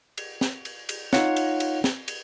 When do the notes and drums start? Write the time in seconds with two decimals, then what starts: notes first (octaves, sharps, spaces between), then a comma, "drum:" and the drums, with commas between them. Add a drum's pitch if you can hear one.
0.18 drum: cymbal
0.41 drum: snare
0.65 drum: cymbal
0.89 drum: cymbal
1.13 D#4 F4 C#5 F5 F#5, drum: snare
1.36 drum: cymbal
1.60 drum: cymbal
1.84 drum: snare
2.08 drum: cymbal